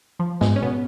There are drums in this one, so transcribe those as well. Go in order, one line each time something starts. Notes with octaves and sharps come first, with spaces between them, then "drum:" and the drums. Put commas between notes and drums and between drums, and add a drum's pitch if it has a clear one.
F3
G#2 G#3, drum: snare
C#4
B2 B3